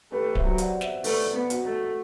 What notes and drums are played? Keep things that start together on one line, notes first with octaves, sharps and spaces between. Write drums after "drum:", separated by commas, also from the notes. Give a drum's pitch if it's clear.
A3 G4 B4
C5 E5, drum: kick D1
F#3
D5 F#5, drum: hi-hat
C5 E5, drum: snare
A3 B4 D5, drum: open hi-hat
B3
F#4, drum: hi-hat
A3